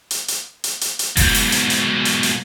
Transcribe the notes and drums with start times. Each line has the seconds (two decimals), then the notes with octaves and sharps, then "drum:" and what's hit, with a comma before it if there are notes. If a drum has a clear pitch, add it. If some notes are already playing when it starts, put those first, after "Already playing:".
0.11 drum: hi-hat
0.28 drum: hi-hat
0.64 drum: hi-hat
0.81 drum: hi-hat
0.99 drum: hi-hat
1.17 G#2 B2, drum: kick F#1, open hi-hat
1.34 drum: open hi-hat
1.52 drum: hi-hat
1.70 drum: hi-hat
2.05 drum: hi-hat
2.23 drum: hi-hat